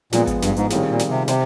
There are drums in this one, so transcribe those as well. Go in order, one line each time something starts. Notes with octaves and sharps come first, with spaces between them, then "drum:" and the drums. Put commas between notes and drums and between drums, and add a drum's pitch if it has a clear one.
A#2 F3 G#3 B3, drum: snare
drum: kick G#1, hi-hat
G2, drum: snare
G#2, drum: hi-hat
A2 D#3 G3 C4 F4 G#4, drum: snare
A#2
drum: snare
C3
C3 G4 C5, drum: snare